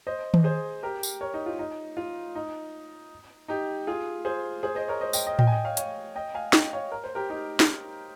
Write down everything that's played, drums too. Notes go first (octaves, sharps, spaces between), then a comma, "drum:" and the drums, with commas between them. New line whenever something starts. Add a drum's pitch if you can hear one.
C5 D#5
drum: tom D#3
G#4 C5
G4 A#4
drum: tambourine
A#4 C#5
D#4
F4
D#4
F4
D#4
D#4 G4
F4 G#4
G#4 C5
G#4 C5
C5 D#5
A#4 C#5
C5 D#5
D#5 G5, drum: tambourine
D#5 G5
D#5 G5, drum: tom A2
G#5
D#5 G5
C#5 F5
C#5 F5, drum: hi-hat
D#5 G5
F5 G#5
D#5 G5, drum: snare
C#5 F5
A#4
C5
G4 A#4
D#4 G4
drum: snare